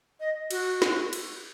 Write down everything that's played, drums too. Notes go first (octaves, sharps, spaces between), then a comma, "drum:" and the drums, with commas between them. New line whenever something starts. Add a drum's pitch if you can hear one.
D#5
F#4, drum: cymbal
drum: snare
drum: cymbal